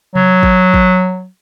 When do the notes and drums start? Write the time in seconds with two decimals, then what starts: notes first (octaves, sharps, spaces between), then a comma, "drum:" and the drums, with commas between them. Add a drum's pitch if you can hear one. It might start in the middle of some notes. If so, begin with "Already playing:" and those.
0.15 F#3, drum: tom C3
0.43 drum: kick
0.74 drum: kick